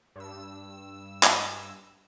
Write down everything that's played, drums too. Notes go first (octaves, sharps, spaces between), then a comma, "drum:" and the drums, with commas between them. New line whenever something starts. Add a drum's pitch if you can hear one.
G2 E6
drum: clap